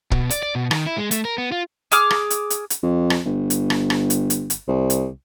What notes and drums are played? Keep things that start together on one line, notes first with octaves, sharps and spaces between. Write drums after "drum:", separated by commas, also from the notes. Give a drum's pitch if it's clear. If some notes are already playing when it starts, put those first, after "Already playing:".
B2, drum: kick
D5, drum: hi-hat
D5
B2
D#3, drum: rim click
E4
G#3
A3, drum: hi-hat
A#4
B3
F4
G#4 D6 F6, drum: hi-hat
drum: rim click
drum: hi-hat
drum: hi-hat
drum: hi-hat
F2
drum: rim click
G1
drum: hi-hat
drum: rim click
drum: rim click
drum: hi-hat
drum: hi-hat
drum: hi-hat
C2
drum: hi-hat